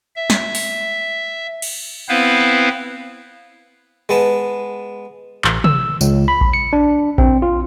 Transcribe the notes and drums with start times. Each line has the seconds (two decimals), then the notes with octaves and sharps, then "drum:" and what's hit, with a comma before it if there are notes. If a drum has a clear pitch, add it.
0.16 E5
0.30 drum: snare
0.55 drum: open hi-hat
1.62 drum: cymbal
2.09 B3 C4 E4 B4 C5 F5
4.09 G#3 B3 A5
5.44 A1, drum: clap
5.64 E6, drum: tom
6.01 C#2, drum: tambourine
6.28 B5
6.41 drum: kick A#1
6.53 C#7
6.73 D4
7.18 C4, drum: kick A#1
7.42 F4